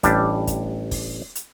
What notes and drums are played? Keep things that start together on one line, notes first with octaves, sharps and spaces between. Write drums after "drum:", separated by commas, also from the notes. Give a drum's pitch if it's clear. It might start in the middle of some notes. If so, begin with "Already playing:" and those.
A1 G3 D4, drum: kick, hi-hat
drum: kick, hi-hat
drum: kick, open hi-hat
drum: hi-hat